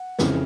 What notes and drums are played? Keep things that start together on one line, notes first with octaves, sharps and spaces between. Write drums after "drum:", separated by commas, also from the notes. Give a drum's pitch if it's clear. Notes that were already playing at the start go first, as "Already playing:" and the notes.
Already playing: F#5
F2 C#3 E3, drum: snare